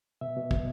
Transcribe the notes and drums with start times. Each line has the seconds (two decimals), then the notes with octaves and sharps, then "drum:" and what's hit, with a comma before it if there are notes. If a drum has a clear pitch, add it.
0.21 B2 E5
0.36 B2
0.51 B2, drum: kick